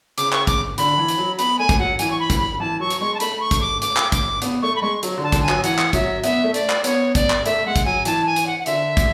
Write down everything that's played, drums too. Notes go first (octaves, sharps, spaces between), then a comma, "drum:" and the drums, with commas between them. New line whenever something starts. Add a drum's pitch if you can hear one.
C#3 D6, drum: hi-hat
C#6, drum: clap
D6, drum: kick, hi-hat
D3 B5, drum: hi-hat
E3
drum: hi-hat
F#3
B3 B5, drum: hi-hat
A3 G#5
drum: kick, hi-hat
F#3 F#5
E3 G#5, drum: hi-hat
C#6
B5
drum: kick, hi-hat
B5
E3 A5
F#3 C#6
drum: hi-hat
G#3 C#6
A5
A3 B5, drum: hi-hat
C#6
drum: kick, hi-hat
D6
D6, drum: hi-hat
drum: clap
D6, drum: kick, hi-hat
B3, drum: hi-hat
A3 C#6
B5
G#3 C#6
F#3, drum: hi-hat
D3
A5
D3, drum: kick, hi-hat
G#5
F#3, drum: clap
E3 F#5, drum: hi-hat
drum: clap
F#3 E5, drum: kick, hi-hat
B3 E5, drum: hi-hat
A3
D5, drum: hi-hat
drum: clap
B3 C#5, drum: hi-hat
D5, drum: kick, hi-hat
drum: clap
A3 E5, drum: hi-hat
G#3 F#5
drum: kick, hi-hat
F#3 G#5
E3 A5, drum: hi-hat
G#5
drum: hi-hat
F#5
F#5
D3 E5, drum: hi-hat
drum: kick, hi-hat